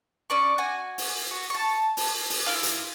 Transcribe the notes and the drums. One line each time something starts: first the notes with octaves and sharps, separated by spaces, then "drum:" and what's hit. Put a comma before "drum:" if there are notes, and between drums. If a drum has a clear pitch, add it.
C#4 D5 C#6
F#4 G#5
drum: open hi-hat
F#4
A5 C#6
drum: open hi-hat
drum: open hi-hat
E4 F4 F5
drum: hi-hat